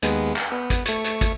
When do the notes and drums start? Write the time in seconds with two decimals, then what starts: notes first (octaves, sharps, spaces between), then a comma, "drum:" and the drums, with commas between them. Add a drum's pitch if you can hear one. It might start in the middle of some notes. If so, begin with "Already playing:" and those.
0.02 D#2 G#3 B3, drum: hi-hat
0.36 drum: clap
0.51 B3
0.70 drum: kick, hi-hat
0.86 A3 C#6, drum: hi-hat
1.04 drum: hi-hat
1.21 drum: kick, hi-hat